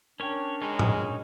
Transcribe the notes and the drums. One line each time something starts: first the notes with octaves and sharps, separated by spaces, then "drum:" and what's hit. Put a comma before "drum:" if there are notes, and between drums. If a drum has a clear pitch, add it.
C#4 D4 A#4 C#5 G5
G#3 C#4 D#4 F#4
drum: tom A2